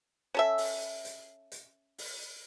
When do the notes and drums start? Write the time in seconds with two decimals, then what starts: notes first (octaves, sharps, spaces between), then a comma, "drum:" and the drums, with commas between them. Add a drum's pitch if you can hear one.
0.34 C#4 A4 E5
0.58 drum: open hi-hat
1.05 drum: hi-hat
1.52 drum: hi-hat
1.98 drum: open hi-hat